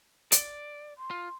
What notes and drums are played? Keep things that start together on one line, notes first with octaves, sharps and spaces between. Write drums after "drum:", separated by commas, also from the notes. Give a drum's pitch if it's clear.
D5, drum: hi-hat
C6
F4